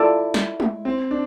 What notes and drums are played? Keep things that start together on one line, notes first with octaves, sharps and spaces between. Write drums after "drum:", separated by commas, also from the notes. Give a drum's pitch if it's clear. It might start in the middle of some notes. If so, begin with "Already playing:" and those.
Already playing: E4 F4 A4 D5
drum: snare
drum: tom G#3
C4
D4